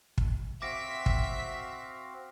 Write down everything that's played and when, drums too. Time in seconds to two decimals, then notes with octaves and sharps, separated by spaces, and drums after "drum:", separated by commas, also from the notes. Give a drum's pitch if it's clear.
0.18 drum: kick
0.62 C4 F#4 E5 F5 D6 A#6 B6 D7
1.06 drum: kick